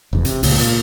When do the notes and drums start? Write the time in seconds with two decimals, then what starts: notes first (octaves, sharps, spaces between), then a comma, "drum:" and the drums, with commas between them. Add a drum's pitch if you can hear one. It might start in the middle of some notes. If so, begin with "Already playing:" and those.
0.13 F1 E2
0.25 C3, drum: hi-hat
0.43 C#2 A#2, drum: open hi-hat
0.59 A#2, drum: hi-hat